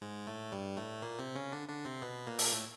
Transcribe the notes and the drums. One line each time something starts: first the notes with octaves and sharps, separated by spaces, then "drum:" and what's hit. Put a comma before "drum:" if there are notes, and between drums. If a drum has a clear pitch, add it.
G#2 G#3
A2 A3
G2 G3
A2 A3
A#2 A#3
C3 C4
C#3 C#4
D3 D4
D3 D4
C3 C4
B2 B3
A#2 A#3
drum: open hi-hat
A2 A3